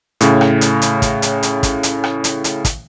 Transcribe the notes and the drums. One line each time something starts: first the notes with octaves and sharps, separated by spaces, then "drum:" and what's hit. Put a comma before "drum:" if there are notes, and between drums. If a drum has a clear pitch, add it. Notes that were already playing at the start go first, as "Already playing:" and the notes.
A2 C#3, drum: hi-hat
drum: rim click
drum: hi-hat
drum: hi-hat
drum: kick, hi-hat
drum: hi-hat
drum: hi-hat
drum: kick, hi-hat
drum: hi-hat
drum: rim click
drum: hi-hat
drum: hi-hat
drum: kick, hi-hat